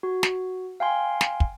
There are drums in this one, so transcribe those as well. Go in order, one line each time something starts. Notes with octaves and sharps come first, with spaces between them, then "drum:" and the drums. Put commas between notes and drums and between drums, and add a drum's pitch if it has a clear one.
F#4
drum: snare
F5 G5 G#5 C6
drum: snare
drum: kick